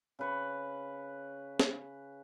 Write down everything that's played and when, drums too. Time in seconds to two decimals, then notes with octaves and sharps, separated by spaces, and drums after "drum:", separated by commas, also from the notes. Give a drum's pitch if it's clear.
0.19 C#3 B4 C#6
1.60 drum: snare